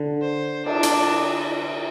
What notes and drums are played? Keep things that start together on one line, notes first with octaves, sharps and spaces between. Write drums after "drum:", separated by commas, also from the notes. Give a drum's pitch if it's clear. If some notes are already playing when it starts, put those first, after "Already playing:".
Already playing: D3
C5
D4, drum: cymbal
drum: hi-hat